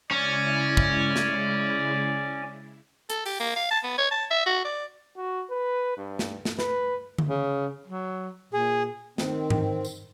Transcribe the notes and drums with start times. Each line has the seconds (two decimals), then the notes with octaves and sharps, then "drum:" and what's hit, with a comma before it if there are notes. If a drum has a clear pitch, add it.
0.11 C#3 G#3 C#4 E4 D5
0.77 drum: kick
1.16 drum: snare
3.10 A4, drum: hi-hat
3.26 G4, drum: open hi-hat
3.40 A#3
3.56 F5
3.71 A5
3.83 B3
3.98 C#5
4.11 A5
4.31 E5
4.46 F#4
4.64 D5
5.17 F#4
5.50 B4
5.97 G2
6.19 drum: snare
6.45 drum: snare
6.59 B4, drum: snare
7.18 drum: tom D3
7.29 C#3
7.87 F#3
8.53 A#2 G#4
9.18 D#3 C4, drum: snare
9.50 drum: tom G#2
9.85 drum: tambourine